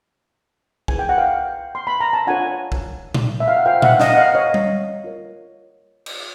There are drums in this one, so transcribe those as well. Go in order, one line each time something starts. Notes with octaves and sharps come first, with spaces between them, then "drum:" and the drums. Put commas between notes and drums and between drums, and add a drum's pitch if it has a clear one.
E4 G#4 B4 G#5, drum: kick B1
G5
F#5
F5 G5
C6
B5
A#5
A5
D4 F4 A4 C#5 F#5 G#5
drum: kick B1
drum: tom A#2
E5
F5
F#5
F4 A4 C5 F5 G5
E5 F#5, drum: tom A#2
D#5 F5, drum: snare
F#5
D#5 F5
C#5 D#5
drum: tom G3
F4 A#4 C#5
drum: cymbal